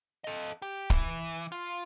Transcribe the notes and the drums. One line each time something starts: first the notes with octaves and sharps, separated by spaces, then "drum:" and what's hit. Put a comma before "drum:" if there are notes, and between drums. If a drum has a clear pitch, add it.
A4 D#5
G4
E3, drum: kick
F4